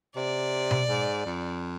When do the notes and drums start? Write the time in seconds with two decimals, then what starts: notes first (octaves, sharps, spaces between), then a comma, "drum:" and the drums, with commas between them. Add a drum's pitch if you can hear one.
0.16 C3 D5
0.71 drum: tom B2
0.89 G#2
1.26 F2